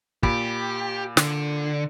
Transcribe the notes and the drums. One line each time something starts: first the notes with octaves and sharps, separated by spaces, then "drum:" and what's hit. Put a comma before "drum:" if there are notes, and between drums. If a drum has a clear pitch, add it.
A#2 G4 B5, drum: kick
D3, drum: snare